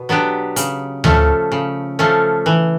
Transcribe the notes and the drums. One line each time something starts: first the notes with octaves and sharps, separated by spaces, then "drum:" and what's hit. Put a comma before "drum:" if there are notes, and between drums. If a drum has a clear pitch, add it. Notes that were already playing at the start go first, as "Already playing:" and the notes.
Already playing: B2
F#3 B3 D4 G4
C#3, drum: hi-hat
F3 A3 C#4, drum: tom D2
C#3
F3 A3 C#4
E3